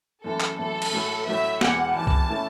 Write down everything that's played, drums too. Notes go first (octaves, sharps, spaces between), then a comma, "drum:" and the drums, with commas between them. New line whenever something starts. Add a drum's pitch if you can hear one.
F#2 E3 A3 E4 A4
drum: clap
F#2 E3 A3 E4 A4
drum: cymbal
A2 F#3 A3
A2 F#3 A3 E5
E1 E2 E3 F#5, drum: snare
E1 E2 E3 A5
drum: kick C2
A2 E3 A3 C#4 E4